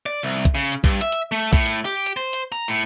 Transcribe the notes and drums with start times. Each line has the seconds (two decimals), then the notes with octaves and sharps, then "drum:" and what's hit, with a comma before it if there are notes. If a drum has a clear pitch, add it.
0.06 D5
0.23 C2
0.45 drum: kick A#1, hi-hat
0.55 C#3
0.72 drum: hi-hat
0.84 G2, drum: kick A#1, hi-hat
1.01 E5, drum: hi-hat
1.12 drum: hi-hat
1.32 A3
1.53 A2, drum: kick A#1, hi-hat
1.66 drum: hi-hat
1.85 G4
2.06 drum: hi-hat
2.17 C5
2.33 drum: hi-hat
2.52 A#5
2.68 A2